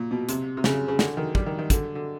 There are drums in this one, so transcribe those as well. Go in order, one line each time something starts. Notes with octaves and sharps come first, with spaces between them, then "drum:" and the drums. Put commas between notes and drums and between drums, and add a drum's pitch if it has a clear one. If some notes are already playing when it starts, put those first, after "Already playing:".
Already playing: A#2
B2
C3, drum: hi-hat
C3
C#3, drum: snare
C#3
D3, drum: snare
D#3
G3, drum: kick
D#3
D#3
D3, drum: kick, hi-hat
D3